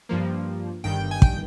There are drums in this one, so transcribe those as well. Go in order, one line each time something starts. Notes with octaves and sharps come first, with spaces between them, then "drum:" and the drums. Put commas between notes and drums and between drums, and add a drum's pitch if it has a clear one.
G2 F3 A#3
G1 G2 D#3 G5
G#5
G5, drum: kick